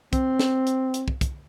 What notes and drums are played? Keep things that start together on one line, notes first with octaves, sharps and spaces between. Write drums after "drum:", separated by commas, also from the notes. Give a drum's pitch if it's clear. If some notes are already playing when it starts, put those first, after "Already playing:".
C4, drum: kick, hi-hat
drum: snare
drum: hi-hat
drum: hi-hat
drum: kick
drum: kick, hi-hat